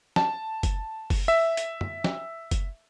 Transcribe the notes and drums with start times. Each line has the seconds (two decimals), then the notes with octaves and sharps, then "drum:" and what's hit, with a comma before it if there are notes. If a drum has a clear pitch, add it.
0.16 A5, drum: snare
0.63 drum: kick F#1, hi-hat
1.10 drum: kick F#1, open hi-hat
1.28 E5
1.57 drum: hi-hat
1.81 drum: tom
2.04 drum: snare
2.51 drum: kick F#1, hi-hat